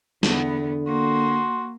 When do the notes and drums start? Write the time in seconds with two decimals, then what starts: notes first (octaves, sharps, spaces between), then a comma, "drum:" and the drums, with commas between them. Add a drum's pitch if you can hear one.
0.23 E2 D3 B3, drum: snare
0.86 A#3 F#4 C6